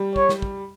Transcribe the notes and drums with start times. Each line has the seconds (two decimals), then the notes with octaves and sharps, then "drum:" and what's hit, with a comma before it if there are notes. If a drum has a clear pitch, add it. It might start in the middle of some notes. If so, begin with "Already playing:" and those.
Already playing: G3
0.16 C#5, drum: kick
0.29 drum: snare
0.42 drum: kick